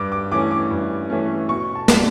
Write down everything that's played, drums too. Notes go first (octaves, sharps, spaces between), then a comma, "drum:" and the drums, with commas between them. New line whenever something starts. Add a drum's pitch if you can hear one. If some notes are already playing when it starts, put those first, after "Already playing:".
Already playing: G2 D6
D6
E3 A3 C#4 D6
D6
G2
E3 A3 C#4
B2 C#6
A5
G3 B3 D4, drum: snare